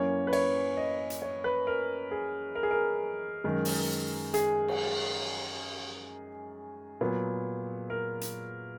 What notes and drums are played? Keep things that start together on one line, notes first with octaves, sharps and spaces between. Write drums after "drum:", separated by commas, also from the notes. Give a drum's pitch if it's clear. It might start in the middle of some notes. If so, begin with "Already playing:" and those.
Already playing: F#2 E3 A#3 C#4 C#5
B4
C#5, drum: cymbal
D#5
drum: hi-hat
C#5
B4
A#4
G#4
A#4
G#4
A#4
F#2 D#3 G#3
drum: open hi-hat
G#4, drum: hi-hat
drum: cymbal
A#2 F#3 B3
A#4
drum: hi-hat